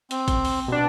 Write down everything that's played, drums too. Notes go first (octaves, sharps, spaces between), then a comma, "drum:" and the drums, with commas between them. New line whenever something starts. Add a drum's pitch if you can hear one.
C4, drum: hi-hat
drum: kick G#1, hi-hat
drum: open hi-hat
B2 D4